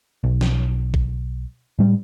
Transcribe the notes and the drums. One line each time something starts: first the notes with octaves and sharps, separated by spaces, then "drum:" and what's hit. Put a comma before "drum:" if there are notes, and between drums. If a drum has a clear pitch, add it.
B1
drum: snare
drum: kick A1
A2 G3